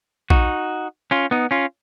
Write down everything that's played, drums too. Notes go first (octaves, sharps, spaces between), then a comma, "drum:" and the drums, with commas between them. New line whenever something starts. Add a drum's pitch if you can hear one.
D#4 F#4, drum: kick A#1
C#4 F4
B3 D#4
C#4 F4